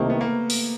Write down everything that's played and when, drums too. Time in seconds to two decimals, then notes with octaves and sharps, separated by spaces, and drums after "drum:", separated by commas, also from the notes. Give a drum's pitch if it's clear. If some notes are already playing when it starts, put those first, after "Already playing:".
Already playing: C2 C3 D#3 A3 A#3
0.10 B3
0.21 A#3
0.50 drum: open hi-hat